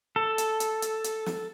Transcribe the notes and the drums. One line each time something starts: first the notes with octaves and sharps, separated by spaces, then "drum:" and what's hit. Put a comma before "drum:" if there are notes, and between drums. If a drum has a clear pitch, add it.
A4
drum: hi-hat
drum: hi-hat
drum: hi-hat
drum: hi-hat
drum: snare